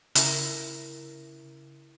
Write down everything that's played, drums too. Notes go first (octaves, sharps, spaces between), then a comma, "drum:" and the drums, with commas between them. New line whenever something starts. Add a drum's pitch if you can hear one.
C#3 E4 A#4, drum: hi-hat